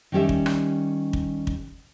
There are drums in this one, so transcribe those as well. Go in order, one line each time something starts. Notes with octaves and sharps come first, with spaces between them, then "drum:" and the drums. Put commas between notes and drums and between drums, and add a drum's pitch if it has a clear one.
D#3 G3 C#4 G4 E5
drum: kick
drum: rim click
drum: kick
drum: kick